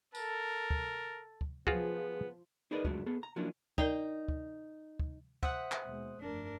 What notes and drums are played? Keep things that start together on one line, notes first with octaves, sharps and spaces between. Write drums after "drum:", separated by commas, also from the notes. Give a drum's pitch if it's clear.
A4 A#4, drum: tambourine
drum: kick
drum: kick
F3 B3 F4 F#4 G#4, drum: kick
D#4 G#4 A#4 B4 D5 D#5
C#2 F#2 G#3 A3 D4 F#4, drum: kick
B3 G#4 A4
A#5
F3 F#3 A#3 C#4 D4 E4
D#4 A#4 D5 G5, drum: kick
drum: kick
drum: kick
C5 E5 F#5 D#6 F#6, drum: kick
drum: clap
D#2 B2 G#3
F1 G2 A3 D4 A#4